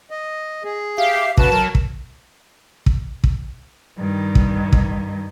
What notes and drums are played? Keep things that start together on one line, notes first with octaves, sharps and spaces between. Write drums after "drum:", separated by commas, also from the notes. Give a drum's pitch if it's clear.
D#5
G#4
G4 E5 F5
C#3 F#4 B4 A5, drum: kick
F#3 A#4
drum: kick
drum: kick
drum: kick
G2 D#3
drum: kick
drum: kick